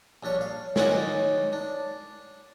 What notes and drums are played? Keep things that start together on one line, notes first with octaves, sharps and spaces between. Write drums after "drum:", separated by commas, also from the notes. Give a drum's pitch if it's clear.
A#1 G2 D4 C#5
F5
D#3 F#3 C#4 D#4 F#4 D5, drum: snare
D4